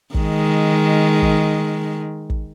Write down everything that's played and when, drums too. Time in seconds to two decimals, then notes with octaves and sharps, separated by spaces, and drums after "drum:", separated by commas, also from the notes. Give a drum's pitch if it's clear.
0.14 D#3 G#3, drum: kick
1.22 drum: kick
2.30 drum: kick